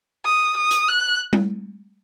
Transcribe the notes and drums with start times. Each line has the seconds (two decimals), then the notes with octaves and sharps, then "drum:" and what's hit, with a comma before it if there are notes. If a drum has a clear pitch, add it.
0.25 D#6
0.57 D#6
0.71 drum: hi-hat
0.89 F#6
1.33 drum: tom G3